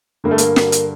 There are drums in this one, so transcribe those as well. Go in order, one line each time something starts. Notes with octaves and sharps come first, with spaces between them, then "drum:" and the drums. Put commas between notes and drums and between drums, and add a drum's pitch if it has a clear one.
G2 D3 A#3
A3
A#3, drum: hi-hat
drum: snare
drum: hi-hat